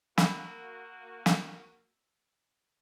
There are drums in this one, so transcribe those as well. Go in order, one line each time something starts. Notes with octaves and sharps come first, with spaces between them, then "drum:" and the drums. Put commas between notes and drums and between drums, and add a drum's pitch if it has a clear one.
A#3 F#4 B5 E6, drum: snare
drum: snare